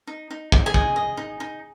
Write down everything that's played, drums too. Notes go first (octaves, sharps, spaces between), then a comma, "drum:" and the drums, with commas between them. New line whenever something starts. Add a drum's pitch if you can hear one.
D#4
D#4
D#4, drum: kick
G#4 G#5
D#5, drum: kick
D#5
D#4
D#4